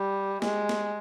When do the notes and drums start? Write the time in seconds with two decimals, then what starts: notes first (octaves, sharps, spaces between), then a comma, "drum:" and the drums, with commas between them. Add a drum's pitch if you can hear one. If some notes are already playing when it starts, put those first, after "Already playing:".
Already playing: G3
0.42 G#3, drum: snare
0.69 drum: snare